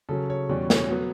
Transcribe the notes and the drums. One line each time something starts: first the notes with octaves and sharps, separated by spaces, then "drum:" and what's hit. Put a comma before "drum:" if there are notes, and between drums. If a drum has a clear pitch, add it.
C#3 F#3 C#4 A4
C#5
E2 B2 G3 C#4 D5
C#5, drum: snare
F#3 B3